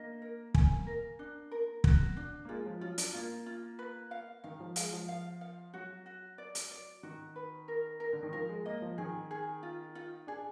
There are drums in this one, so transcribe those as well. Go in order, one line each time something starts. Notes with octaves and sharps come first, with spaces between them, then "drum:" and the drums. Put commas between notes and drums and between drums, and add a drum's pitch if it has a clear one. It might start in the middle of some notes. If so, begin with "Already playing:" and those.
Already playing: A#3 D4 D#5
A#4
G#5, drum: kick
A#4
D4
A#4
F#4, drum: kick
D4
A#3
G#3 F4
F3
F#3 F4
D4, drum: hi-hat
A#3 F4
F4
B4
F5
D#3 F5
F3
G#3 F5, drum: hi-hat
F3
F5
F5
F#3 F#4
F#4
D5
drum: hi-hat
D5
D#3 F#4
B4
A#4
A#4
D3
D#3
F3 A#4
G#3
A#3 D#5
F3
D#3 G#4
G#4
F4
F4
D4 G#4